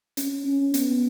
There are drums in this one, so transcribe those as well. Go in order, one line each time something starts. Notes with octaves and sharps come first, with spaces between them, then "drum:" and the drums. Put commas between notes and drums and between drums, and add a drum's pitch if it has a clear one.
C#4, drum: hi-hat
C#4
B3, drum: hi-hat